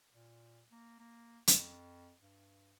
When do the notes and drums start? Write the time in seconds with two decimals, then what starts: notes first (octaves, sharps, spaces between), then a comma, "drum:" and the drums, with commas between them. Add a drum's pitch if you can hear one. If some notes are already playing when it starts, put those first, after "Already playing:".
0.12 A#2
0.71 A#3
1.00 A#3
1.47 F2, drum: hi-hat
2.21 G2